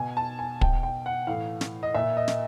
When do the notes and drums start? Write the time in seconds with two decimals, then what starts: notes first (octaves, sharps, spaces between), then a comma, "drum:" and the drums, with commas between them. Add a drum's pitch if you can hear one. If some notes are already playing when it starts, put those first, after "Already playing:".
Already playing: B2 G#5
0.17 A5
0.39 G#5
0.61 B2 G5, drum: kick
0.83 G5
1.06 F#5
1.27 A2 E3 F5
1.61 drum: snare
1.83 D#5
1.94 A#2 E5
2.17 D#5
2.28 drum: snare